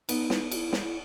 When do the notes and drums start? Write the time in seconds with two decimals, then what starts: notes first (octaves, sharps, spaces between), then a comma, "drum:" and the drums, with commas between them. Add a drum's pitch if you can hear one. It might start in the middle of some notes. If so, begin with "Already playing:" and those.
0.09 B3 D#4, drum: cymbal
0.30 drum: snare
0.51 F#4, drum: cymbal
0.56 E4
0.73 drum: snare